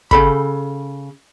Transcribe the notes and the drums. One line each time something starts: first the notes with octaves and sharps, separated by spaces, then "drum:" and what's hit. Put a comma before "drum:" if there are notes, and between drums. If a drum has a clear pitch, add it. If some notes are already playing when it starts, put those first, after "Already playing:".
C#3 A4 B5, drum: kick